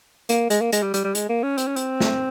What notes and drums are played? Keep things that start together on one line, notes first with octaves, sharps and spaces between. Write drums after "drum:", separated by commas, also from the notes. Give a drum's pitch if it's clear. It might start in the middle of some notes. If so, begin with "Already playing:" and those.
A#3, drum: hi-hat
G#3, drum: hi-hat
A#3
G#3, drum: hi-hat
G3
G3, drum: hi-hat
G3
G#3, drum: hi-hat
A#3
C#4
C4, drum: hi-hat
C#4
C4, drum: hi-hat
drum: snare